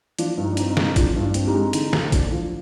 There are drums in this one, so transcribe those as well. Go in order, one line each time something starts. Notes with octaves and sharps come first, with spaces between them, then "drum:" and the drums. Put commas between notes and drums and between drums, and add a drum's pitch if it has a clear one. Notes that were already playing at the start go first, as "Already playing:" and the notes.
F3 D4, drum: hi-hat
G2
D#4
D4
C4 D#4, drum: hi-hat
D#4
G#3, drum: snare
F3 D4 F4, drum: kick, hi-hat
G2
D4 F4
C4, drum: hi-hat
D#4 G4
G#3
D3 D#4, drum: hi-hat
D2, drum: snare
D2 D4, drum: kick, hi-hat
F3